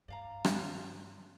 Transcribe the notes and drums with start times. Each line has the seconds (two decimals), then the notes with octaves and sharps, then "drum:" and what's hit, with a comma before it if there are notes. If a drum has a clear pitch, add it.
0.08 G2 D5 F5 A#5
0.45 drum: rim click